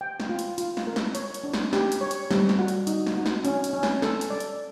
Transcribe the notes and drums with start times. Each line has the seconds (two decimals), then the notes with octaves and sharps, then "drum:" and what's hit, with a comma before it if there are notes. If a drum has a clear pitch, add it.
0.01 G5
0.20 drum: snare
0.29 F4
0.39 drum: hi-hat
0.58 F4, drum: hi-hat
0.77 drum: snare
0.87 A#4
0.96 drum: snare
1.15 C#5, drum: hi-hat
1.34 drum: hi-hat
1.44 D4
1.53 drum: snare
1.73 G4, drum: snare
1.92 drum: hi-hat
2.01 C#5
2.11 drum: hi-hat
2.31 G3, drum: snare
2.49 drum: snare
2.59 F#4
2.68 drum: hi-hat
2.87 D#4, drum: hi-hat
3.07 drum: snare
3.16 F#4
3.26 drum: snare
3.45 C#4, drum: hi-hat
3.64 drum: hi-hat
3.73 C#4
3.83 drum: snare
4.02 A4, drum: snare
4.21 drum: hi-hat
4.30 D5
4.40 drum: hi-hat